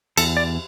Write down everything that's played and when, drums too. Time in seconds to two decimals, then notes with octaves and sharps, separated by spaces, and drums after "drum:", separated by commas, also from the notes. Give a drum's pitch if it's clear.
0.17 E2 A4, drum: cymbal
0.37 D5